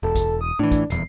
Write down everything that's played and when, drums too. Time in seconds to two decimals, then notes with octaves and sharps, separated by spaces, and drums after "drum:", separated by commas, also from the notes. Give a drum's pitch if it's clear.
0.03 E1 A4
0.16 drum: kick, hi-hat
0.41 D#6
0.59 A2 E3 D4
0.72 drum: kick, hi-hat
0.90 D#1 E2 C7, drum: hi-hat